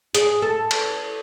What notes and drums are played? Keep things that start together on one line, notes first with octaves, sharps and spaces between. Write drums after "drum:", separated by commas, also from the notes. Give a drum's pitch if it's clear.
G#4, drum: hi-hat
A4
drum: cymbal